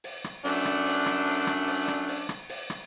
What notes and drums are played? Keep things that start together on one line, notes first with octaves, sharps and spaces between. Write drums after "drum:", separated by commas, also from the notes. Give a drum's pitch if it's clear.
drum: open hi-hat
drum: rim click
F#2 A3 D4, drum: open hi-hat
drum: rim click
drum: open hi-hat
drum: rim click
drum: open hi-hat
drum: rim click
drum: open hi-hat
drum: rim click
drum: open hi-hat
drum: rim click
drum: open hi-hat
drum: rim click